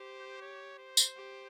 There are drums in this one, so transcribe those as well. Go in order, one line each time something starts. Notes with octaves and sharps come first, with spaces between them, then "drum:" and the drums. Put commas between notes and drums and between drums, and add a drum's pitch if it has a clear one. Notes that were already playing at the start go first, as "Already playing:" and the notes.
Already playing: G4 C5
C#5
C5
drum: tambourine
G4